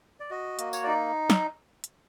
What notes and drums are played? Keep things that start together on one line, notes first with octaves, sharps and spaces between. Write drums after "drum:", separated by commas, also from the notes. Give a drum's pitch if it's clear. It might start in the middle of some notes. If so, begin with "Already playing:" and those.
D5
F#4 D#5
A#3, drum: hi-hat
C#5, drum: tambourine
D#4 D5
drum: snare
drum: hi-hat